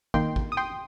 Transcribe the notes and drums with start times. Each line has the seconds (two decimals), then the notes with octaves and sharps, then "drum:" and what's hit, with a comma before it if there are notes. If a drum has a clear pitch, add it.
0.14 D#3 A#3 D#4 G5 C6, drum: kick
0.36 drum: kick
0.52 D#6
0.57 G5 C6